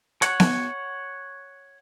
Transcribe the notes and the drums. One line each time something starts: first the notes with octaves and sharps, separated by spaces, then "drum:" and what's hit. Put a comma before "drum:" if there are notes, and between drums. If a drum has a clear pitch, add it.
C#5 F#5, drum: hi-hat
drum: snare B3